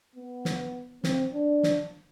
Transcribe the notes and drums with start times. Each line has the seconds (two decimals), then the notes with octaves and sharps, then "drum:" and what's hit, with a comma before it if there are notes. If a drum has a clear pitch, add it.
0.15 B3
0.45 drum: snare
1.04 C4, drum: snare
1.33 D4
1.63 drum: snare